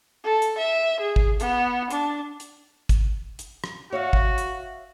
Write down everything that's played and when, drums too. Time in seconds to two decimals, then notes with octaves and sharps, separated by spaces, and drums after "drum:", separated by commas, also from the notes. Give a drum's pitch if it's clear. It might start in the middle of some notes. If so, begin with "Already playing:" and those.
0.24 A4
0.42 drum: hi-hat
0.58 E5
1.00 G#4
1.16 drum: kick
1.40 B3, drum: hi-hat
1.90 D4, drum: hi-hat
2.40 drum: hi-hat
2.89 drum: kick, hi-hat
3.39 drum: hi-hat
3.64 drum: rim click
3.92 F#4 C#5 E5 F5
4.13 drum: kick
4.38 drum: hi-hat